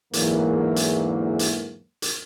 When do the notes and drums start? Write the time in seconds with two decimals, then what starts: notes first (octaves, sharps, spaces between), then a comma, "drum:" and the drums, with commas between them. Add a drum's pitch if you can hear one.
0.13 E2 G#2 D3 E3 F#3 A#3, drum: hi-hat
0.76 drum: hi-hat
1.39 drum: hi-hat
2.02 drum: hi-hat